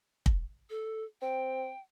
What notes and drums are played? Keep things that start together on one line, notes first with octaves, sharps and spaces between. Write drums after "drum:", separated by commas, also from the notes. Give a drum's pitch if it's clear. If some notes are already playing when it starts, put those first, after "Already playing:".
drum: kick
A4
C4 G5